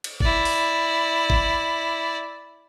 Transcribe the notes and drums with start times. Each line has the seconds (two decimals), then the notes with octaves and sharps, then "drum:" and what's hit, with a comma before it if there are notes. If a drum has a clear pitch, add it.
0.04 drum: cymbal
0.20 E4 D5, drum: kick G1
0.45 drum: open hi-hat
1.30 drum: kick G1